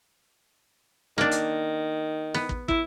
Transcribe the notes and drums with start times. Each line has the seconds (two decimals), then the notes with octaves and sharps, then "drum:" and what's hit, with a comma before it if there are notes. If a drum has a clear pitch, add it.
1.18 D#3 A#3 D4
1.31 drum: hi-hat
2.34 B3, drum: snare
2.49 drum: kick
2.68 E4, drum: kick